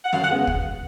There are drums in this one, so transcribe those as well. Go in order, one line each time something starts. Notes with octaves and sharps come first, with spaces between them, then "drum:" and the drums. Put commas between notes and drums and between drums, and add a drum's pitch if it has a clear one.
F#5
F#2 F5, drum: snare
F#5
C#3 G#3 B3
drum: kick